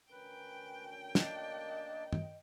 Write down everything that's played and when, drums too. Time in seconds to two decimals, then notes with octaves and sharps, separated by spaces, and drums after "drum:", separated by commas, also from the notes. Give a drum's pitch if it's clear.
0.11 D2 C#4 A#4 B4 G5
1.15 A#3 D4 D#5 A5, drum: snare
2.13 drum: tom